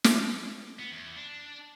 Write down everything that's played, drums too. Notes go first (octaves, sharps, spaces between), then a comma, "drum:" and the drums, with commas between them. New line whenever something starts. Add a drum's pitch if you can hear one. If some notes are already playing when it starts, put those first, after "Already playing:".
drum: snare
B3
E2
D4